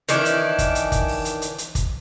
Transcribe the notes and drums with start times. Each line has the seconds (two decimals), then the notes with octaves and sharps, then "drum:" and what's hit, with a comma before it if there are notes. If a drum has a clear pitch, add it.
0.09 D#3 E3 C#4 D4, drum: hi-hat
0.25 drum: hi-hat
0.58 drum: kick, hi-hat
0.75 drum: hi-hat
0.92 drum: kick, hi-hat
1.08 drum: open hi-hat
1.25 drum: hi-hat
1.42 drum: hi-hat
1.58 drum: hi-hat
1.75 drum: kick, hi-hat